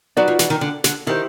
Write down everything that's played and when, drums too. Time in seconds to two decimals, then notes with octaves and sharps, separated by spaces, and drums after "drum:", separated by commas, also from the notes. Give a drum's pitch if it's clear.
0.17 F#3 D#4 F#4 B4 D5
0.28 F3
0.39 E3, drum: snare
0.50 D#3
0.61 D3
0.84 D3, drum: snare
1.07 D#3 E4 G4 C5